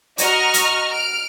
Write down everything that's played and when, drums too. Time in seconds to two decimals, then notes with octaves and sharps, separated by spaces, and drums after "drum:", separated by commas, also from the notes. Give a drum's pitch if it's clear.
0.18 F#4 D#5 A#5 C#6 F6, drum: hi-hat
0.54 drum: hi-hat
0.91 F6 D7